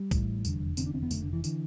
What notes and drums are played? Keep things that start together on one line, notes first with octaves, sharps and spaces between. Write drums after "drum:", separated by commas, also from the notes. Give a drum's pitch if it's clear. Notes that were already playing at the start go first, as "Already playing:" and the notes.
Already playing: G3
A1 A2, drum: kick, tambourine
F1 E2 D3, drum: tambourine
F1 E2 D3 C4, drum: tambourine
D4
C4
B3
F1 F2 D3 A3, drum: tambourine
D3
E3
D3 E3, drum: tambourine